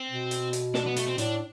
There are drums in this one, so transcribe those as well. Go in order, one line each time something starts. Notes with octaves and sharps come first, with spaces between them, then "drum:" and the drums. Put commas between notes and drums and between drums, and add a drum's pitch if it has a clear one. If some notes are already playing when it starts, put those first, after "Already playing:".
Already playing: C4
B2
drum: hi-hat
drum: hi-hat
D4, drum: snare
B3
A3, drum: hi-hat
C4
A2 D4, drum: hi-hat